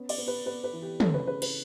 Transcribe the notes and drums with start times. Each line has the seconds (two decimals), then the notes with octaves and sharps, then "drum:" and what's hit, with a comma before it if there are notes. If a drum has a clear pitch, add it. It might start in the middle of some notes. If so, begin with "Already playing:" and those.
Already playing: B3 C#4
0.09 D5, drum: cymbal
0.18 B3
0.28 B4
0.46 B3 B4
0.64 B4
0.73 E3
0.82 G4
1.00 C#4 A4, drum: tom
1.14 B4
1.27 C#3 B4
1.42 B4, drum: cymbal